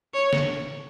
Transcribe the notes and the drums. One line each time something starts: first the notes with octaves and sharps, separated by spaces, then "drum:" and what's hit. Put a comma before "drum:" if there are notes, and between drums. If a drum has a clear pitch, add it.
C#5
drum: snare